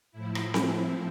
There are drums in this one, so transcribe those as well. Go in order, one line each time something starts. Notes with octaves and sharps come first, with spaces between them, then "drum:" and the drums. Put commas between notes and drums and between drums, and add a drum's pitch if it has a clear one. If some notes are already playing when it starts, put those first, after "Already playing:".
A2 F3 E4
drum: rim click
C4, drum: snare C4